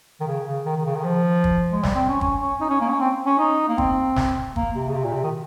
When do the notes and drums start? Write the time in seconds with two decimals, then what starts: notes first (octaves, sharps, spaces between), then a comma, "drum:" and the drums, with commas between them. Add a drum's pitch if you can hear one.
0.21 D#3
0.27 C#3
0.46 C#3
0.66 D#3
0.76 D#3
0.86 C#3
0.95 D#3
1.04 F3
1.44 drum: kick
1.72 G#3
1.83 G3, drum: snare
1.95 C4
2.09 C#4
2.21 C#4, drum: kick
2.42 C#4
2.61 D#4
2.70 C#4
2.81 A#3
2.89 C#4
3.00 C4
3.26 C#4
3.39 D#4
3.69 A#3
3.78 C4, drum: kick
4.16 drum: snare
4.56 A#3, drum: kick
4.75 C3
4.89 C#3
4.94 C3
5.04 A#2
5.13 C3
5.24 D#3